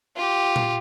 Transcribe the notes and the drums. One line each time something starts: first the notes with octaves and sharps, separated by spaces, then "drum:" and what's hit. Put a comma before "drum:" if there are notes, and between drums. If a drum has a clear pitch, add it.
F4 G4
drum: tom A#2